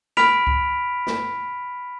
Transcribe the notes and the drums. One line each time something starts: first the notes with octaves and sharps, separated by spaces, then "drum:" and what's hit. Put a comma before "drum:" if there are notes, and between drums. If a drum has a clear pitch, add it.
B5 F6 B6 D7 F7, drum: snare
drum: kick C#2
drum: snare